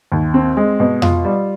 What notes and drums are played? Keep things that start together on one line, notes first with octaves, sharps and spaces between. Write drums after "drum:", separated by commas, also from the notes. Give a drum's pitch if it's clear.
D#2
C4
G#3
B2
F4, drum: tom F2
G3